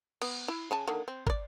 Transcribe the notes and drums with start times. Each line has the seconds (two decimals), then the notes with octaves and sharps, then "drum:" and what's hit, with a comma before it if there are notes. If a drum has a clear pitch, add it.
0.22 B3, drum: cymbal
0.48 E4
0.71 C#3 G#5 A5
0.87 D3 D#3 A#3
1.08 C4
1.27 A#4 D5, drum: kick